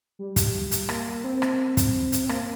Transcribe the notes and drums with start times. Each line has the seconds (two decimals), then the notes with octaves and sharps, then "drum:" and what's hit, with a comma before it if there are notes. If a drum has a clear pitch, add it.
0.19 G3
0.36 drum: kick, hi-hat
0.71 drum: hi-hat
0.89 A#3, drum: rim click
1.24 C4
1.42 drum: rim click
1.77 drum: kick, hi-hat
2.12 drum: hi-hat
2.24 C4
2.29 A#3, drum: rim click